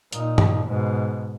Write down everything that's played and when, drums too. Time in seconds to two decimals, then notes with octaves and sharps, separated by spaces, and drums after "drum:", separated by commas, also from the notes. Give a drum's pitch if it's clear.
0.12 A#2 D#4, drum: hi-hat
0.38 drum: tom G2
0.67 G#2 B2